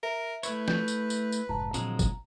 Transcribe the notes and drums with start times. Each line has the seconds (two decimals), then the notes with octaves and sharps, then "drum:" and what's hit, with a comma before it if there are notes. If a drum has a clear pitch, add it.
0.03 A#4 E5
0.43 A3 E4 B4 C#5, drum: tambourine
0.68 G6, drum: snare
0.88 drum: tambourine
1.10 drum: tambourine
1.32 drum: tambourine
1.49 F1 G#2 A5 A#5
1.74 A#2 D3 F3 F#3 G#3 C4 A#5, drum: tambourine
1.99 drum: kick, tambourine